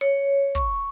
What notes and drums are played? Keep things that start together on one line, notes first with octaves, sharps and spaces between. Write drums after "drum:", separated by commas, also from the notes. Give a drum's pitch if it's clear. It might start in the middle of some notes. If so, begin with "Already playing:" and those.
C#5
C#6, drum: kick, hi-hat